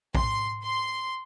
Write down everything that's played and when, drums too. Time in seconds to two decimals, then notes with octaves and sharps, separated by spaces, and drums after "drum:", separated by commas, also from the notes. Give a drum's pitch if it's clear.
0.15 C6, drum: kick A#1
0.62 C6